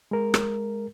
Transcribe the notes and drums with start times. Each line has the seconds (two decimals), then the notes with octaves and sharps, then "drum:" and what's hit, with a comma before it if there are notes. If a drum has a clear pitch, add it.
0.11 G#3 A#4
0.34 drum: rim click